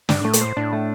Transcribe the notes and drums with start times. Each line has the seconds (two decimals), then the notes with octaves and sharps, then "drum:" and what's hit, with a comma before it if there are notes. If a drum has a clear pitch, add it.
0.09 G2 D4, drum: snare
0.22 A2 A3
0.33 A#2, drum: hi-hat
0.41 A2 C5
0.57 A2 D4
0.73 A3